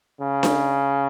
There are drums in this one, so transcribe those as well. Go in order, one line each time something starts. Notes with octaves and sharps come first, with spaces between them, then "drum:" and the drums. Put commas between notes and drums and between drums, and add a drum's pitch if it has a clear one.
C#3
drum: snare D4